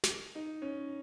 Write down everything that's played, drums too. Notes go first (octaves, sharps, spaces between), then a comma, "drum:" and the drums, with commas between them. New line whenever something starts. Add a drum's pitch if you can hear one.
drum: snare
D#4
C#4